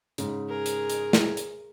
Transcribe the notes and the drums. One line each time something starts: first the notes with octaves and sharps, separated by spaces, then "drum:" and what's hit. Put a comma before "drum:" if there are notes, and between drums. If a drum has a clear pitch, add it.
G#2 C#3, drum: hi-hat
G#4 A#4
drum: hi-hat
drum: hi-hat
drum: snare
drum: hi-hat